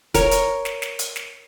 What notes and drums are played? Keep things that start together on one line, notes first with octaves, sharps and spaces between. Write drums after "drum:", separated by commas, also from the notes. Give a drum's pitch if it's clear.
A#4 C#5, drum: kick, hi-hat
drum: hi-hat
drum: snare
drum: snare
drum: hi-hat
drum: snare